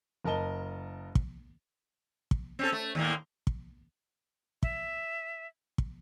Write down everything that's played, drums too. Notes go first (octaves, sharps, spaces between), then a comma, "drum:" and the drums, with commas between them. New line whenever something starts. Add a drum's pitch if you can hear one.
F#1 A#4 D#5 A5 G7
drum: kick
drum: kick
C4 C#4 A4
A3
D#2 A2 A#3
drum: kick
E5, drum: kick
drum: kick